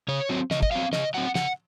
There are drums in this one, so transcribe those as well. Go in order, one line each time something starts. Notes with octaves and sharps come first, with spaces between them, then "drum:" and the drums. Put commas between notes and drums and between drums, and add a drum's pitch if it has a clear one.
C#3 C#5
F#3 C4
C#3 D#5, drum: snare
D#5, drum: kick
F#3 C4 F5
C#3 D#5, drum: snare
F#3 C4 F#5
C#3 F#5, drum: snare